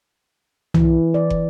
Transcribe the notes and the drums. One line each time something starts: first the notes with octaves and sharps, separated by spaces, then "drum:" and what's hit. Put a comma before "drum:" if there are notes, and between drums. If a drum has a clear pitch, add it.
E3, drum: tom
D5
drum: kick